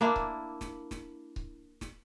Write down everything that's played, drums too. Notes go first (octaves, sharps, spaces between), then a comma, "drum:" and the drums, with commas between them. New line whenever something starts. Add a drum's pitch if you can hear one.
A#3 D4 E4
drum: kick C#1
drum: snare
drum: snare
drum: kick C#1
drum: snare